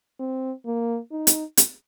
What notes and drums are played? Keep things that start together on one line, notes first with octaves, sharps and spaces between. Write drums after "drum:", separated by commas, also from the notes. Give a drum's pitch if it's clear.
C4
A#3
D#4
drum: hi-hat
drum: hi-hat